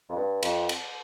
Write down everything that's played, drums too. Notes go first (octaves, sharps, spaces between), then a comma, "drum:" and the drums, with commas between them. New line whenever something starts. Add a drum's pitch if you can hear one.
F2
G2
F2, drum: cymbal
drum: cymbal